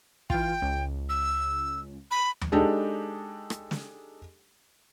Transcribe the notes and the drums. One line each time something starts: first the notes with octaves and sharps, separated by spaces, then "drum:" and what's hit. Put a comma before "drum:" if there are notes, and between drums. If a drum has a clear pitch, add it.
E3 F4 G5, drum: kick
C#2
E6
B5
drum: tom D#2
G#3 D4 D#4 G4 A4
drum: rim click
drum: snare